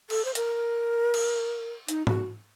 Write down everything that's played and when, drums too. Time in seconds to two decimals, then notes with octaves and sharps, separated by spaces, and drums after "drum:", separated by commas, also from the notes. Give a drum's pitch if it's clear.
0.10 A4, drum: cymbal
0.25 C5
0.35 A#4, drum: hi-hat
1.14 drum: cymbal
1.88 D#4, drum: hi-hat
2.07 F#4, drum: tom